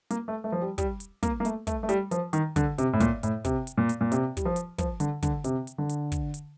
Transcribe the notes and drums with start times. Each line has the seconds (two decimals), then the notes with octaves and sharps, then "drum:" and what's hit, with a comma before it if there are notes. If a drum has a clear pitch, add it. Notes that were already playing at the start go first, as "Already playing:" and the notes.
0.11 A#3, drum: hi-hat
0.28 A3
0.44 A3
0.52 F3
0.62 G3
0.78 G3, drum: kick, hi-hat
1.00 drum: hi-hat
1.23 A#3, drum: kick, hi-hat
1.40 A#3
1.45 A3, drum: hi-hat
1.67 A3, drum: kick, hi-hat
1.83 A3
1.89 G3, drum: hi-hat
2.11 F3, drum: hi-hat
2.33 D#3, drum: hi-hat
2.56 D3, drum: kick, hi-hat
2.78 C3, drum: hi-hat
2.93 A2
3.00 A#2, drum: kick, hi-hat
3.23 A2, drum: hi-hat
3.45 C3, drum: kick, hi-hat
3.67 drum: hi-hat
3.78 A#2
3.89 drum: hi-hat
4.01 A#2
4.12 C3, drum: hi-hat
4.37 G3, drum: kick, hi-hat
4.45 F3
4.56 drum: hi-hat
4.78 F3, drum: kick, hi-hat
5.00 D3, drum: hi-hat
5.22 D3, drum: kick, hi-hat
5.44 C3, drum: hi-hat
5.67 drum: hi-hat
5.78 D3
5.89 drum: hi-hat
6.12 drum: kick, hi-hat
6.34 drum: hi-hat